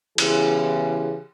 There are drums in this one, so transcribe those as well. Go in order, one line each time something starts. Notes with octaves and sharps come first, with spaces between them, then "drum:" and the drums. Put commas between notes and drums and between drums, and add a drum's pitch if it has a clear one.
C#3 E3 B3 E4 G4 G#4, drum: cymbal